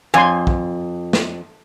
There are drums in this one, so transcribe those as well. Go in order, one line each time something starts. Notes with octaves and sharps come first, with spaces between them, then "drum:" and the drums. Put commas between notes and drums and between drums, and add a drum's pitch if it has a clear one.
F2 G#5 C6
drum: kick
drum: snare